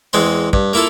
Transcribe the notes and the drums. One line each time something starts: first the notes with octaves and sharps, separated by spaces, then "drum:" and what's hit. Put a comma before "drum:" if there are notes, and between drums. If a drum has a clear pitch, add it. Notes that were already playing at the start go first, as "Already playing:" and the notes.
E2 G#3 C4 C6
G2, drum: kick
A#3 E4 F4 A4